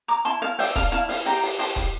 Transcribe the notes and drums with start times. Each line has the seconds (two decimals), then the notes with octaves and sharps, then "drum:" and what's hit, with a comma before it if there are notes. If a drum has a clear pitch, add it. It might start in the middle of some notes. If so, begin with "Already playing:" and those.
0.08 A#5 D6
0.25 E4 A5 C6
0.42 F5 A5
0.59 D5 E5 G5, drum: open hi-hat
0.75 F5 A5, drum: kick D#1, hi-hat
0.92 E4 F5 A5
1.09 F5, drum: open hi-hat
1.26 G4 G5 A#5, drum: hi-hat
1.43 drum: open hi-hat
1.59 G4 A5 C6, drum: open hi-hat
1.76 drum: kick D#1, hi-hat